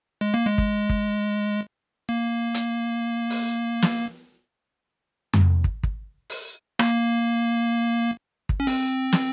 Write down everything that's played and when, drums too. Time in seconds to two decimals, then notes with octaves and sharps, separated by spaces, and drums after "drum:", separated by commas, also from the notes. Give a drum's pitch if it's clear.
0.21 G#3
0.34 A#3
0.47 G#3
0.58 drum: kick
0.89 drum: kick
2.09 A#3
2.54 drum: hi-hat
3.30 drum: open hi-hat
3.82 drum: snare
5.33 drum: tom F2
5.64 drum: kick
5.83 drum: kick
6.30 drum: open hi-hat
6.79 A#3, drum: rim click
8.49 drum: kick
8.60 C#4
8.67 C4, drum: open hi-hat
9.12 drum: snare